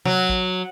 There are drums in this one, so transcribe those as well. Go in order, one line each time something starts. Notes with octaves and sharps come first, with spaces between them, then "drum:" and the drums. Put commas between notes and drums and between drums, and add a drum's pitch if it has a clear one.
F#3, drum: tom
drum: kick A1